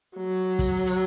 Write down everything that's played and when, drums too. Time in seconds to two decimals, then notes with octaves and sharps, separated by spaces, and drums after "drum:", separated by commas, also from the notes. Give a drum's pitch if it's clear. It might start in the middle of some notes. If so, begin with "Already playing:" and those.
0.17 F#3
0.59 drum: kick, hi-hat
0.86 drum: hi-hat